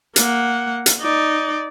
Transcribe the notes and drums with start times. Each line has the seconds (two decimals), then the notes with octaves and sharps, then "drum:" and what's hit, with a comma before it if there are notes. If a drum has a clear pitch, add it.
0.16 A#3 F#5, drum: hi-hat
0.86 drum: hi-hat
1.01 D#4 D5